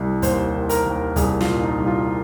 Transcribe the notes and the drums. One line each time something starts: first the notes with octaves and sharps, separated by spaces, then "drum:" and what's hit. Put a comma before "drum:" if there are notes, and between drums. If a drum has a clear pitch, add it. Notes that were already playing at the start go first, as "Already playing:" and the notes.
Already playing: C2
D#2 C5, drum: kick, hi-hat
D#3
A#4, drum: hi-hat
D#2
C2 G#4, drum: kick, hi-hat
F4, drum: snare
A#2
D#4
C2
F4